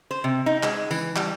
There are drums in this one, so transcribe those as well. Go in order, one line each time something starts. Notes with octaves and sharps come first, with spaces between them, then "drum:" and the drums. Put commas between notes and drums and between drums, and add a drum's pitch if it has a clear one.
C5
C3
D#4
G#3, drum: clap
E3, drum: tambourine
G3, drum: clap